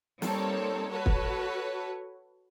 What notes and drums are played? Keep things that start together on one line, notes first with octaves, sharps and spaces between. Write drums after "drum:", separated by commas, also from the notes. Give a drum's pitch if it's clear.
G3 A#3 C4 D#4 A4 C#5, drum: snare
F#4 A4 B4 C#5
drum: kick